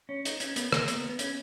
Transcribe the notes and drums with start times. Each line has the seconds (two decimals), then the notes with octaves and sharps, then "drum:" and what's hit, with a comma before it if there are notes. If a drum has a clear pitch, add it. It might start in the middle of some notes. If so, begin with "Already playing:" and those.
0.09 C#4
0.25 D#4, drum: hi-hat
0.40 C#4, drum: hi-hat
0.56 B3, drum: hi-hat
0.72 A#3, drum: rim click
0.88 B3, drum: hi-hat
1.09 B3
1.19 C#4, drum: hi-hat